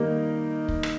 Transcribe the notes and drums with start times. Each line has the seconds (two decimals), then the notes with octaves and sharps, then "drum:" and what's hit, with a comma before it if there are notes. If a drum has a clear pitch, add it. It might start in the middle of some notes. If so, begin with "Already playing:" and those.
Already playing: D#3 G3 A#3 D#4 A#4
0.68 drum: kick
0.83 drum: rim click